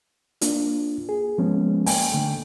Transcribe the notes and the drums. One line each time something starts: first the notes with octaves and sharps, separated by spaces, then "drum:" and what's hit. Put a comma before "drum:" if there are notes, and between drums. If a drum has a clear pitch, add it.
A#3 D4 F4, drum: hi-hat
G#4
F3 G#3 A#3 B3 C#4
A#3 G5 G#5, drum: open hi-hat
D3 A3 G5